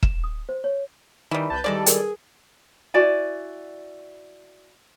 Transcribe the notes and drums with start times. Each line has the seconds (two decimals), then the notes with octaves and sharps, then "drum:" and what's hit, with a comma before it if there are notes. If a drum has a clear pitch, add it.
0.03 E7, drum: kick E1
0.24 D#6
0.49 C5
0.64 C#5
1.31 D#3 E3 G3
1.50 C2 B4 A5 G6
1.64 D#3 E3 G3 G#3 A4 D5
1.86 G#4 A#4 B4, drum: hi-hat
2.94 E4 F#4 D5 G#5